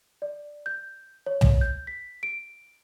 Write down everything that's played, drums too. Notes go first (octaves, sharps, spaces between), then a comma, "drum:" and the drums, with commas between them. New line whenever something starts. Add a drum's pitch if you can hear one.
D5
G6
C#5
drum: tom
G6
B6
D7